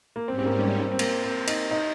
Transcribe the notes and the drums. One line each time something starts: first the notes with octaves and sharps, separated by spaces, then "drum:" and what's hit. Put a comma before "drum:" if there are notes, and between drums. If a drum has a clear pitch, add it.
A#3
G#2 G3 C4 C#4
C4
A#3
C4
C4
C4
A#3, drum: cymbal
C4
D#4, drum: cymbal
D#4